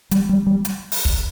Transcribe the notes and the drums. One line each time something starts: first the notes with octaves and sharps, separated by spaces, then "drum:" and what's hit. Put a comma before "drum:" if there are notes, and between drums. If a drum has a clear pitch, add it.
G3, drum: hi-hat
G3
G3
drum: hi-hat
drum: open hi-hat
drum: kick